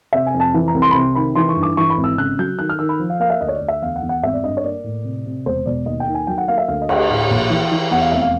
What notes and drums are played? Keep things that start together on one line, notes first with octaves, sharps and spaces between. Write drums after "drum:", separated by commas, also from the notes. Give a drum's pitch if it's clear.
C3 E5
G#5
F2
A5
E3
A#5
C2
C6
B5
C3 C6
D#3 B5
E3 C6
C#6
G2
D6
E3 C#6
B5
G#1
E6
C#3 F#6
F#3 G6
D#3 F#6
F6
D#3 E6
B5
F3
F5
A#3 F5
E5
D2 D#5
C#5
D5
D2
E5
E2 F5
F#5
E2
F#5
G#1 E5
D5
G2 D#5
C#5
A#3 D5
A2
C3
C3
E1 C5
B2 D5
D#2 D#5
G5
D#3
G#5
F#3 G5
F#5
A#3 F5
E5
D2 F5
D#5
D2, drum: cymbal
D#5
A2
A#1
E3
E3
E2 F#5
F5
F1 E5
F5